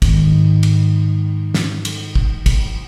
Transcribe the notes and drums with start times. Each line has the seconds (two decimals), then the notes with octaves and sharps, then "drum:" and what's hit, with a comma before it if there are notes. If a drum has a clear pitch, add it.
0.02 G#2 D#3, drum: kick, cymbal
0.63 drum: cymbal
1.54 drum: snare
1.85 drum: cymbal
2.15 drum: kick
2.46 drum: kick, cymbal